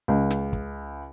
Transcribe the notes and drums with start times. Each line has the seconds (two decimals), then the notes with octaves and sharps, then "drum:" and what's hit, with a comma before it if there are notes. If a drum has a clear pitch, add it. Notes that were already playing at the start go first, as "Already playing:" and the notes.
0.08 C#2
0.31 drum: snare
0.53 drum: kick